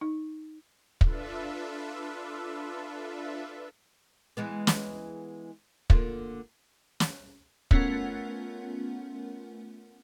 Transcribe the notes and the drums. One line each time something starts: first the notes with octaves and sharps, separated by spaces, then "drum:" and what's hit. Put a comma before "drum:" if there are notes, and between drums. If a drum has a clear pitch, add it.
D#4
D4 F4 A4 B4 E5, drum: kick
E3 G#3 B3
drum: snare
D3 A#3 F4, drum: kick
drum: snare
A3 B3 C#4 F4 A#4 F#5, drum: kick